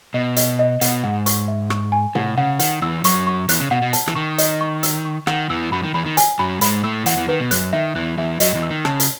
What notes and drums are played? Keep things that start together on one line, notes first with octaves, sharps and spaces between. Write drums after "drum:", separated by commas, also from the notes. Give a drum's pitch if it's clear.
B2 D#5
D#5, drum: hi-hat
D#5
B2 F#5, drum: hi-hat
G#2 F#5
C#6, drum: hi-hat
E5
C#6, drum: rim click
G#5
A2 F#5, drum: tom C3
C#3 F#5
D#3 F#5, drum: hi-hat
E2 E3 E6
F#2 F#3 C#6, drum: hi-hat
C#6
E2 E3 F#6, drum: hi-hat
C#3
B2 F#5
B2
A5, drum: hi-hat
E3, drum: rim click
D#3 C#6
D#5, drum: hi-hat
C#6
E6, drum: hi-hat
C#6
D#3 F#5, drum: rim click
E2 E3 E6
F#2 F#3 B5
D#3
E2 E3 B5
D#3
G#5, drum: hi-hat
F#2 F#3 B5
G#2 G#3 B5, drum: hi-hat
A2 A3 E6
E2 E3 F#5, drum: hi-hat
E2 E3
D#3 B4
B2
F#2 F#6, drum: hi-hat
D#3 E5
E2 E3 F#6
E2 E3 E5
F#2 F#3 D#5, drum: hi-hat
E2 E3
E6
D#3
C#3 A5, drum: rim click
drum: hi-hat